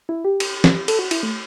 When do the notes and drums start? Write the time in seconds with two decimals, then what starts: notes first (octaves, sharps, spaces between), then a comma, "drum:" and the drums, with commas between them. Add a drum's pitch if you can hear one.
0.09 E4
0.25 G4
0.40 drum: cymbal
0.64 drum: snare
0.88 A4, drum: cymbal
0.99 F#4
1.11 E4, drum: cymbal
1.23 A3